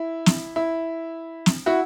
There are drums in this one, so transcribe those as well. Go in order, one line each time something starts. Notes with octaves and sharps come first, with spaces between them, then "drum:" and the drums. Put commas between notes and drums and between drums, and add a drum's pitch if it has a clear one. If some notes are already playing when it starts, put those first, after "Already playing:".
Already playing: E4
drum: snare
E4
drum: snare
E4 F#4